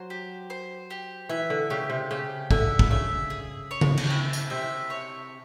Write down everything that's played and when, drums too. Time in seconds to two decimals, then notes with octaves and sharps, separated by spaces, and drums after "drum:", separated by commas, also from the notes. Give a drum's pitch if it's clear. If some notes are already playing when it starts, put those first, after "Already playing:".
Already playing: F#3 C5
0.10 G4
0.50 C5
0.90 G4
1.29 E3 E5
1.50 D3
1.70 C#3 G4
1.90 C3
2.11 C#3 G4
2.51 D3 E5, drum: kick
2.79 drum: kick
2.91 C#3 E5
3.30 G#4
3.71 C#5
3.81 drum: tom C#3
3.97 drum: cymbal
4.10 E4
4.33 drum: tambourine
4.50 C3 E5
4.90 C#5